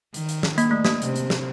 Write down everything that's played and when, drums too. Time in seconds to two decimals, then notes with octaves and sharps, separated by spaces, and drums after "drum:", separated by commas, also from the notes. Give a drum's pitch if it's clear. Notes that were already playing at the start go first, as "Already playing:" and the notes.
0.14 D#3, drum: hi-hat
0.29 drum: hi-hat
0.43 drum: snare
0.58 A#3, drum: hi-hat
0.71 A3
0.85 A#3, drum: snare
1.02 C3, drum: hi-hat
1.16 drum: hi-hat
1.30 drum: snare